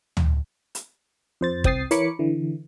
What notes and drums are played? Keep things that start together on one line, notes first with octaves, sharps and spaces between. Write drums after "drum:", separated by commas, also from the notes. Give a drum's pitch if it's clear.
drum: tom
drum: hi-hat
F2 C5 A6
C2 C4 G5 D#6 A6 C7, drum: kick
E3 A#4 C#5 B5 D6 C#7, drum: hi-hat
D3 E3